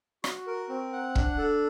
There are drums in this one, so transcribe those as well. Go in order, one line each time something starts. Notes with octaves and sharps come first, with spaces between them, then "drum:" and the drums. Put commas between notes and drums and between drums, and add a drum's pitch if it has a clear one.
F#4, drum: rim click
A#4
C4
F#5
D4, drum: kick
A4